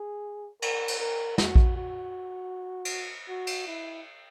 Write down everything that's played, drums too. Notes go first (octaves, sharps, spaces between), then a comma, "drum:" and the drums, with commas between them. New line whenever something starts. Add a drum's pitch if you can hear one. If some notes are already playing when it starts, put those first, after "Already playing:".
Already playing: G#4
A#4, drum: cymbal
drum: cymbal
A#4
F#4, drum: snare
drum: kick A#1
F#4
drum: cymbal
F#4
drum: cymbal
E4